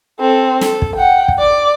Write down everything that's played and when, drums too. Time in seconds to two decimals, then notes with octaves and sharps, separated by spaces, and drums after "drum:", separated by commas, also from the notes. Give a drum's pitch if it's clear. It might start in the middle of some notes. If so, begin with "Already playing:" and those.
0.20 C4 A4
0.61 A4, drum: snare
0.82 drum: kick
0.96 F#5 G5
1.28 drum: kick
1.39 D5 D6